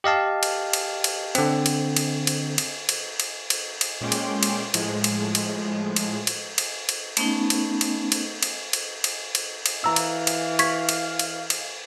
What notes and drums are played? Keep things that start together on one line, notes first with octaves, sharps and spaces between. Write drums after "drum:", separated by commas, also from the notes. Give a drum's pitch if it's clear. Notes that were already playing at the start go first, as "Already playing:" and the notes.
G4 D#5 F5 A5
drum: cymbal
drum: cymbal
drum: cymbal
D3 C4, drum: cymbal
drum: cymbal
drum: cymbal
drum: cymbal
drum: cymbal
drum: cymbal
drum: cymbal
drum: cymbal
drum: cymbal
A#2 G#3 C#4 G5 C6 D6
drum: cymbal
drum: cymbal
A2 F3 G#3, drum: cymbal
drum: cymbal
drum: cymbal
drum: cymbal
drum: cymbal
drum: cymbal
drum: cymbal
A3 B3 C#4 D#4, drum: cymbal
drum: cymbal
drum: cymbal
drum: cymbal
drum: cymbal
drum: cymbal
drum: cymbal
drum: cymbal
drum: cymbal
E3 F5 A#5 E6
drum: cymbal
drum: cymbal
C#6 G#6 B6, drum: cymbal
drum: cymbal
drum: cymbal
drum: cymbal